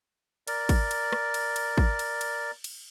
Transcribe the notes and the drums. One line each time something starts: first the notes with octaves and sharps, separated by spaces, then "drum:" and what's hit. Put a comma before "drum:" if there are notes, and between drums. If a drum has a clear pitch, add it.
A#4 D5, drum: cymbal
drum: kick, cymbal
drum: cymbal
drum: rim click
drum: cymbal
drum: cymbal
drum: kick
drum: cymbal
drum: cymbal
drum: cymbal